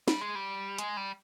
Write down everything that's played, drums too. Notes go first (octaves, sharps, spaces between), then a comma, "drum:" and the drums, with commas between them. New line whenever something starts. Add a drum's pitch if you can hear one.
G3, drum: snare
G#3
G3
G#3, drum: hi-hat
G3